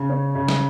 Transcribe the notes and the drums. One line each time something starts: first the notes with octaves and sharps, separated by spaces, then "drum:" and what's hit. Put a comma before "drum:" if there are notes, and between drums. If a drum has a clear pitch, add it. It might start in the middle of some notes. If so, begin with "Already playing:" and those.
Already playing: C#3
C#4
C#3
drum: snare